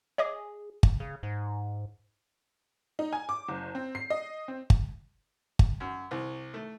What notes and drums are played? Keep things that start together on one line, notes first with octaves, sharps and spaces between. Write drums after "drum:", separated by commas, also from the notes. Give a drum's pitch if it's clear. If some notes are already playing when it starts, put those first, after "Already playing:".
G#4 C#5 D#5 D6
drum: kick G1
C#3
G#2
D#4
G#5
D6
F#1
C4
C7
D#5
C4
drum: kick G1
drum: kick G1
F#2
C2
A3